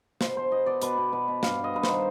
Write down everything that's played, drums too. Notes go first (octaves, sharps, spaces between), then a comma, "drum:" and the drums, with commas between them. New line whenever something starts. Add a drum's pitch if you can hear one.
B2 C5, drum: snare
B2 C5
B2 D#5
B2 D5
B2 B4, drum: hi-hat
B2
B2 B4
B2
G2 F5, drum: snare
G2
D#5
G2 B4
D#3 C5, drum: snare